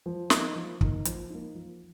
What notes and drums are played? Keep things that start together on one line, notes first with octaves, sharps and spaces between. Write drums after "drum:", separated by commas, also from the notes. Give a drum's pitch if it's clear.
F3
A#3 D#4, drum: snare
F3
A#3 D#4, drum: kick
F3, drum: hi-hat
A#3 D#4
F3